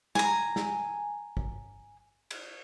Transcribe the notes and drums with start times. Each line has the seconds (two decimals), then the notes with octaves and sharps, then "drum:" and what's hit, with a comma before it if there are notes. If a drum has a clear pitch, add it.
0.15 G#5 A#5, drum: snare
0.56 drum: snare
1.37 drum: kick
2.31 drum: cymbal